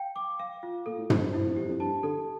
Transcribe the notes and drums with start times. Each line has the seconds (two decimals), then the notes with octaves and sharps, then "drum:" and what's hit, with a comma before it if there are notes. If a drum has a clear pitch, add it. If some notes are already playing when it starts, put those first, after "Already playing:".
Already playing: F5 G5
0.16 D6
0.39 F5
0.63 F4
0.86 A#2 A4
0.98 A2
1.10 A2 C5, drum: tom
1.22 G2
1.33 G2 E4
1.45 F2
1.56 E2 G4
1.68 F2
1.80 G2 A5
2.03 D3 A4